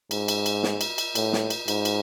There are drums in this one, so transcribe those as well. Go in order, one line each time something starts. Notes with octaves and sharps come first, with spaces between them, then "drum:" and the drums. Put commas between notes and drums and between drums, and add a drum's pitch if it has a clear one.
G#2, drum: cymbal
drum: cymbal
drum: cymbal
drum: snare
drum: cymbal
drum: cymbal
A2, drum: cymbal
drum: snare
drum: cymbal
G#2, drum: cymbal
drum: cymbal